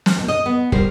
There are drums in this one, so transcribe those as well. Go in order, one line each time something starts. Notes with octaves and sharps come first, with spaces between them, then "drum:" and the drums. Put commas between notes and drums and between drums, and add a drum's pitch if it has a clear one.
drum: snare
D#2 B2
D#5
B3
G3 A#4 C5, drum: kick